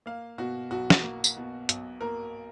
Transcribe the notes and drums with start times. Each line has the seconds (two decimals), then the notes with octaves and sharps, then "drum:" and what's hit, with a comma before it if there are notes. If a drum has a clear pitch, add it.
0.06 A#3 F5
0.38 B2 F#4
0.71 B1 F#4
0.90 drum: snare
1.03 A#3
1.24 drum: tambourine
1.37 B2
1.69 B1, drum: hi-hat
2.01 A#3 A#4